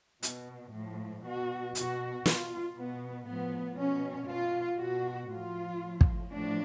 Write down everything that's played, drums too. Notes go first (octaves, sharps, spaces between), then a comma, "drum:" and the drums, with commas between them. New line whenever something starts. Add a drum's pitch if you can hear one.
B2, drum: hi-hat
A2 F3
B2 F#4
B2 F#4, drum: hi-hat
B2 F4, drum: snare
B2 B3
A2 F3 B3
B2 C#4
B2 F4
B2 F#4
A2 F3 F4
A2 F3
drum: kick
A2 F3 D4